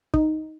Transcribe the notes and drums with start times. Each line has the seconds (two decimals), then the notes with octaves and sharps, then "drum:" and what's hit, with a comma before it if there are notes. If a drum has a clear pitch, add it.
0.14 D#4, drum: kick